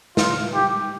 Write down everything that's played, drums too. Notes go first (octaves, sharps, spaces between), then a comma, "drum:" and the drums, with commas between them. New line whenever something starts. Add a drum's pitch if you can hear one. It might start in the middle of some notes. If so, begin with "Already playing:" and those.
F4, drum: snare
G4